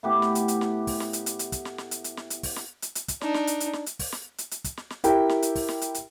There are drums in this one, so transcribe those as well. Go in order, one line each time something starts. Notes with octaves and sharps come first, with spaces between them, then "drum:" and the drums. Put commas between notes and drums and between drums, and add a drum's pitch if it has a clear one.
A2 B3 G4 D6
drum: snare
drum: hi-hat
drum: hi-hat
drum: snare
drum: kick, open hi-hat
drum: snare
drum: hi-hat
drum: hi-hat
drum: hi-hat
drum: kick, hi-hat
drum: snare
drum: snare
drum: hi-hat
drum: hi-hat
drum: snare
drum: hi-hat
drum: kick, open hi-hat
drum: snare
drum: hi-hat
drum: hi-hat
drum: kick, hi-hat
D4 D#4, drum: snare
drum: snare
drum: hi-hat
drum: hi-hat
drum: snare
drum: hi-hat
drum: kick, open hi-hat
drum: snare
drum: hi-hat
drum: hi-hat
drum: kick, hi-hat
drum: snare
drum: snare
E4 G4 A#4 G5, drum: hi-hat
drum: snare
drum: hi-hat
drum: kick, open hi-hat
drum: snare
drum: hi-hat
drum: hi-hat